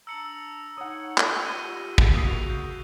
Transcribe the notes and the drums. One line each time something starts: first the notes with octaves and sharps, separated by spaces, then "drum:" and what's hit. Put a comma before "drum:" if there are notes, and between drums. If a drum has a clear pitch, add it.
D4 A5 A#5 E6 C#7 F#7
D#4 C#5 F#5 D#6
drum: clap
F4 G4 A#6 D#7 G7
drum: kick
A#3 D#6 C7
C#3 F#4 F7
G6